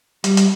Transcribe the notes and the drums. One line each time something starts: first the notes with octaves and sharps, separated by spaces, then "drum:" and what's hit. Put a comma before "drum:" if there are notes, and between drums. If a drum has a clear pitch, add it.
G3, drum: hi-hat
drum: hi-hat